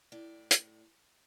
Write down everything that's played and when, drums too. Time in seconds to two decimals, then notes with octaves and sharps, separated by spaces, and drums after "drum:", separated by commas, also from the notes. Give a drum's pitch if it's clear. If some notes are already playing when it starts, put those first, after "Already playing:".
0.12 A2 D5
0.51 drum: hi-hat